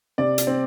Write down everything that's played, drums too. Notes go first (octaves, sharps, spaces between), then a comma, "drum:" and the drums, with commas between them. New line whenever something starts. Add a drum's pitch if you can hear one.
C3 D5
drum: hi-hat
C4